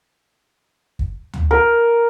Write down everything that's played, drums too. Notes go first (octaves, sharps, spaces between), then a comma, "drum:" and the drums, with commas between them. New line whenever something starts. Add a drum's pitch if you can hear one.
drum: kick
drum: tom D2
A#4